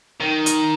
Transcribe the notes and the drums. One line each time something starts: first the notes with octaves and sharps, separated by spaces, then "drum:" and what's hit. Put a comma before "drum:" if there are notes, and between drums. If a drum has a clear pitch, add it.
D#3
drum: hi-hat